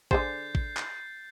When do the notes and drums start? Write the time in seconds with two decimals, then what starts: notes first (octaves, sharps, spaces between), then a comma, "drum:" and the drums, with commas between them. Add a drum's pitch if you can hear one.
0.11 D3 G#4 C5 G6 A6 C7, drum: kick A1
0.55 drum: kick A1
0.77 drum: clap